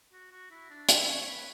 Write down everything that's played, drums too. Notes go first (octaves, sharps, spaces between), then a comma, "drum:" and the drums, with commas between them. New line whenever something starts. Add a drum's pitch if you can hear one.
F#4
F#4
E4
D4
E4, drum: hi-hat
C#5
C#5
B4